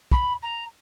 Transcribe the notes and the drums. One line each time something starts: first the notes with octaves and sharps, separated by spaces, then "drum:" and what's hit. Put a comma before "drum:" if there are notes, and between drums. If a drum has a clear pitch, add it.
B5, drum: kick
A#5